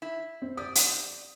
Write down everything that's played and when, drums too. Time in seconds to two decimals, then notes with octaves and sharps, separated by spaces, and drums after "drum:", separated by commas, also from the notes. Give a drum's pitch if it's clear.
0.02 E4
0.42 C4
0.57 G4 D5 D#6
0.75 drum: hi-hat